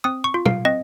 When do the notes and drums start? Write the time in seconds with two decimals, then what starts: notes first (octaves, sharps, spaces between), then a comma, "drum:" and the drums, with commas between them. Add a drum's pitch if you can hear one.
0.04 C4 D#6
0.24 C#6
0.34 F4
0.46 F5, drum: tom
0.65 C4 D#5